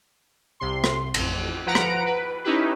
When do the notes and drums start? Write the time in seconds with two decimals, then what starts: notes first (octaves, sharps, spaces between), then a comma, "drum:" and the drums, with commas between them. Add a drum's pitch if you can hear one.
0.60 C2 C3 C6
0.84 drum: rim click
1.14 A1 F2, drum: cymbal
1.66 F3 B4 F#5 A#5 D7
1.75 drum: rim click
2.06 B4
2.44 C#4 D#4 E4 G4 B4